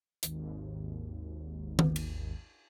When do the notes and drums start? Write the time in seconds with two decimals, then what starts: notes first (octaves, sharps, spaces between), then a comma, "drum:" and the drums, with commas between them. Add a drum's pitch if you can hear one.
0.23 G#1 D#2, drum: hi-hat
1.79 drum: tom D#3
1.96 drum: cymbal